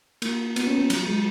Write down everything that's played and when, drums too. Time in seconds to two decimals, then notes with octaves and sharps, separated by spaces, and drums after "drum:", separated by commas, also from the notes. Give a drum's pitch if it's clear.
0.22 A#3, drum: cymbal
0.56 B3, drum: cymbal
0.67 C#4
0.78 B3
0.90 F#3, drum: cymbal
1.07 G#3